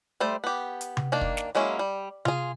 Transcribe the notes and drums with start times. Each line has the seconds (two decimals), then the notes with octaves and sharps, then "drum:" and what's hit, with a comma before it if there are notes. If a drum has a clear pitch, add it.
0.20 G3 A3 C5
0.44 B3 G4
0.81 drum: hi-hat
0.97 drum: tom C3
1.12 D#3 A#3 D4
1.21 drum: kick
1.37 drum: snare
1.55 F#3 G#3 A#3 C#4 E4
1.79 G3
2.25 F4 G#4, drum: tom C3